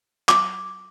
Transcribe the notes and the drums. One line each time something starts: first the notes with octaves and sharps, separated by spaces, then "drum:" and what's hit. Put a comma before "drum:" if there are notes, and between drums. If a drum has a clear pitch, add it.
D6, drum: clap